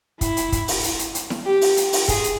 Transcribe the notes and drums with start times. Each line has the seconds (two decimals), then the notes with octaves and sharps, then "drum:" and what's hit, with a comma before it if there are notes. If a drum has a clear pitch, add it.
0.21 E4, drum: kick, hi-hat
0.37 drum: hi-hat
0.52 drum: kick, hi-hat
0.68 drum: open hi-hat
0.83 drum: hi-hat
0.99 drum: hi-hat
1.15 drum: hi-hat
1.30 drum: snare E4
1.46 G4
1.61 drum: open hi-hat
1.77 drum: hi-hat
1.93 drum: open hi-hat
2.08 G#4, drum: kick, hi-hat
2.24 drum: hi-hat